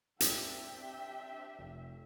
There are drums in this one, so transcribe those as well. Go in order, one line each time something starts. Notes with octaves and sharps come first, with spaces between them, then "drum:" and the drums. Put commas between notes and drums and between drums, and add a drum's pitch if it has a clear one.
C4 D4 G4 E5 G5, drum: hi-hat
F1